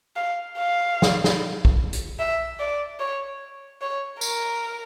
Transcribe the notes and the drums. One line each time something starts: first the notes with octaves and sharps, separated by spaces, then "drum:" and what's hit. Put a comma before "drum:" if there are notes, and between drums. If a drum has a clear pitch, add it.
F5
F5
drum: snare
drum: snare
drum: kick
drum: hi-hat
E5
D5
C#5
C#5
A#4, drum: tambourine